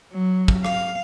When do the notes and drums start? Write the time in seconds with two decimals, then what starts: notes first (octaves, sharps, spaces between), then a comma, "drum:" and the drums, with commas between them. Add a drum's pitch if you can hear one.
0.13 F#3
0.48 drum: kick
0.65 F5, drum: rim click